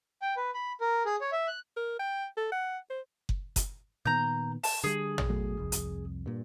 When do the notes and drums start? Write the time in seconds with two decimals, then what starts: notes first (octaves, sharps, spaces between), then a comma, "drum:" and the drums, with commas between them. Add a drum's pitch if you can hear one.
0.22 G5
0.37 B4
0.54 B5
0.81 A#4
1.06 G#4
1.21 C#5
1.32 E5
1.47 F#6
1.77 A#4
1.99 G5
2.37 A4
2.52 F#5
2.90 C5
3.29 drum: kick F#1
3.56 drum: kick F#1, hi-hat
4.06 A#2 D#3 B3 A#5 G6
4.63 A5, drum: open hi-hat
4.84 D3 G3 G#4
5.18 drum: tom
5.29 B2 F#3 A3
5.57 C2 F2
5.72 drum: hi-hat
6.26 G2 A#2